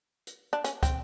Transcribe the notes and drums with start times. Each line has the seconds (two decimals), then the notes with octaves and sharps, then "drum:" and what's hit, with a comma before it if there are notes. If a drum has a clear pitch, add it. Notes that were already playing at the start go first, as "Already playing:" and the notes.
0.27 drum: hi-hat
0.53 D4
0.64 C#4, drum: hi-hat
0.83 C4, drum: kick, hi-hat